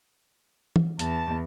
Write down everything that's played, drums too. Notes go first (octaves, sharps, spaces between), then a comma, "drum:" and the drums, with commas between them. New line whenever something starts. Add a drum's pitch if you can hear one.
drum: tom E3
E2 A5, drum: hi-hat